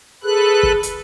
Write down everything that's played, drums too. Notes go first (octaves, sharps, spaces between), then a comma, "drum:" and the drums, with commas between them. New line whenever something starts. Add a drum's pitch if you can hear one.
G#4 A4 B4 F#6
drum: kick
drum: hi-hat